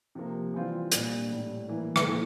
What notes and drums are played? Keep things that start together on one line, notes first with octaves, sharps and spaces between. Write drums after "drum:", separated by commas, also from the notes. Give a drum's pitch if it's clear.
C3 F3 A#3
E3 G3 C4 F4
A#2 G3 D4, drum: hi-hat
A2 G3 D4
E3 A#3 E4
drum: rim click
A#2 F3 A3 E4